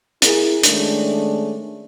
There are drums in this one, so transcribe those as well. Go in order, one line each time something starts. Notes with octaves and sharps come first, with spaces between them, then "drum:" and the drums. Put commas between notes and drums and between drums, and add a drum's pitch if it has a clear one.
E4 G#4 A#4, drum: hi-hat
D#3 G#3 A3 C#4 D4, drum: hi-hat